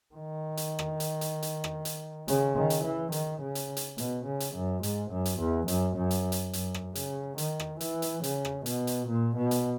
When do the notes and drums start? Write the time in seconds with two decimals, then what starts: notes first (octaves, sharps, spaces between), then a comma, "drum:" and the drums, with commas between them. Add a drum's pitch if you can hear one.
0.15 D#3
0.57 drum: hi-hat
0.79 drum: rim click
1.00 drum: hi-hat
1.21 drum: hi-hat
1.42 drum: hi-hat
1.64 drum: rim click
1.85 drum: hi-hat
2.28 C#3, drum: hi-hat
2.56 D#3
2.70 drum: hi-hat
2.84 E3
3.12 D#3, drum: hi-hat
3.41 C#3
3.55 drum: hi-hat
3.77 drum: hi-hat
3.98 B2, drum: hi-hat
4.26 C#3
4.40 drum: hi-hat
4.55 F#2
4.83 G#2, drum: hi-hat
5.11 F#2
5.25 drum: hi-hat
5.39 E2
5.68 F#2, drum: hi-hat
5.96 F#2
6.11 drum: hi-hat
6.32 drum: hi-hat
6.53 F#2, drum: hi-hat
6.74 drum: rim click
6.95 C#3, drum: hi-hat
7.38 D#3, drum: hi-hat
7.60 drum: rim click
7.80 E3, drum: hi-hat
8.02 drum: hi-hat
8.23 C#3, drum: hi-hat
8.45 drum: rim click
8.66 B2, drum: hi-hat
8.87 drum: hi-hat
9.08 A#2
9.37 B2
9.51 drum: hi-hat